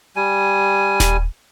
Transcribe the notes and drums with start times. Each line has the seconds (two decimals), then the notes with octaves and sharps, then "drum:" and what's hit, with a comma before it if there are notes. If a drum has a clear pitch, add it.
0.16 G3 G#5
1.00 drum: snare D#1